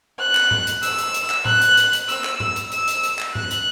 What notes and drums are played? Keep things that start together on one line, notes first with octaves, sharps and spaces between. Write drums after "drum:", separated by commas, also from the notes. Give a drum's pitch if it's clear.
F#6
drum: clap
drum: tom G#2
drum: hi-hat
E6, drum: hi-hat
drum: hi-hat
drum: hi-hat
drum: clap
F#6, drum: tom A2
drum: hi-hat
drum: hi-hat
drum: hi-hat
E6, drum: hi-hat
drum: clap
E6, drum: tom G#2
drum: hi-hat
E6, drum: hi-hat
drum: hi-hat
drum: hi-hat
drum: clap
F#6, drum: tom G#2
drum: hi-hat